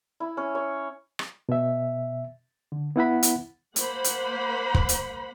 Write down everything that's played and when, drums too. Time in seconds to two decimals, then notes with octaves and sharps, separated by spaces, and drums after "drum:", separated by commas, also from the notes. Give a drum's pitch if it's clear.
0.20 E4
0.37 C#4
0.55 C#5
1.19 drum: rim click
1.49 B2 E5
2.72 D3
2.96 B3 E4 F#5 B5
3.23 drum: hi-hat
3.76 A#3 C5 F#5 B5, drum: hi-hat
4.04 drum: hi-hat
4.75 drum: kick
4.89 drum: hi-hat